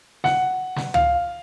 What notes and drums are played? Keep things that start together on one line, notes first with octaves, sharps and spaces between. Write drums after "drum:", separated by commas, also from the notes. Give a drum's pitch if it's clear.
F#5, drum: snare
drum: snare
F5, drum: tom